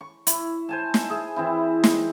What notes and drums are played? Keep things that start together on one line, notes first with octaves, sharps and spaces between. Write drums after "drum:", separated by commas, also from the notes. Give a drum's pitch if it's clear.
C#6
E4, drum: hi-hat
C5 G#5 A5
drum: snare
G#4 E5
E3 C4 E4
drum: snare